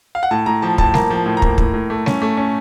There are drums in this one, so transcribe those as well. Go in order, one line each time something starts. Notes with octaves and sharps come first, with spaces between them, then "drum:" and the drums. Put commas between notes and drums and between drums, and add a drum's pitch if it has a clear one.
F5
F#5
A2 A5
A2 A#5
F3 A5
A2 A5, drum: kick
A#3 A#5, drum: snare
F3
A2
A#5
A#3, drum: kick
A2, drum: kick
A2
A3
C#4, drum: snare
A3
C#4